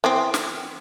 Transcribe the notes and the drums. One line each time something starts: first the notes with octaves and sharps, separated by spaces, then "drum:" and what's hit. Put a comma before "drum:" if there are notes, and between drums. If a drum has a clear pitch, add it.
E3 B3 C4
drum: snare